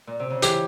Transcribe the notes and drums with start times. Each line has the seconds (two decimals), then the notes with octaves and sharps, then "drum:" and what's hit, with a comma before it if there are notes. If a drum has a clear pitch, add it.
0.07 A#2
0.20 C3
0.30 C#3
0.42 E3 G4, drum: hi-hat